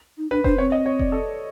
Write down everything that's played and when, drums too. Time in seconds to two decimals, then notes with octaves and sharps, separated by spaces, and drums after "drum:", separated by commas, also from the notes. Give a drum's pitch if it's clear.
0.18 D#4
0.31 D4 B4
0.44 D4 C5, drum: kick F1
0.58 C4 C#5
0.72 D#5
0.86 C#5
0.99 D5, drum: kick F1
1.12 A4